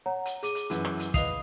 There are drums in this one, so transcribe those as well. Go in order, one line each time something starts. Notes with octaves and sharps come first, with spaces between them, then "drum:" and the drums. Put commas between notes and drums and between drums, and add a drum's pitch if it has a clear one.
C#5 F#5 A#5
drum: hi-hat
G#4 D6 D#7, drum: hi-hat
drum: hi-hat
F#2 E3, drum: hi-hat
drum: rim click
drum: hi-hat
B4 D#5 F5 D#6 C7 F7, drum: kick, hi-hat